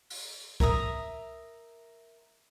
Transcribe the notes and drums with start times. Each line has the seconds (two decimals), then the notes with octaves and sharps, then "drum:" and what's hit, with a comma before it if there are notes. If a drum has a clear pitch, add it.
0.10 drum: open hi-hat
0.60 A#4 E5 A#5 D#6, drum: kick C#2